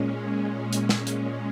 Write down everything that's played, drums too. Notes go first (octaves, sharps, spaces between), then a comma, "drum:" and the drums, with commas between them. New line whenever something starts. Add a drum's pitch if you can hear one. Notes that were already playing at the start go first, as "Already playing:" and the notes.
Already playing: A#2 G#3 C#4
C#4
drum: hi-hat
C#4, drum: snare
drum: hi-hat